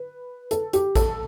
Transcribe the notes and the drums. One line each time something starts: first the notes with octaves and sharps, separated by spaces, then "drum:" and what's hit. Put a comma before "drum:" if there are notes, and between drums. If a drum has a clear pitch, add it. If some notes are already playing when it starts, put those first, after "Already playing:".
Already playing: B4
A4, drum: hi-hat
G4, drum: hi-hat
A4, drum: kick A1, hi-hat